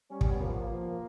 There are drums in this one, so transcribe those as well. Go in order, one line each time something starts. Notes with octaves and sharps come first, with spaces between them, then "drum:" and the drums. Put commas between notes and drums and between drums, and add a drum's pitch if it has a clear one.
G3 C#4
C#4, drum: kick
B3
F3 A#3
B3
A#3
F3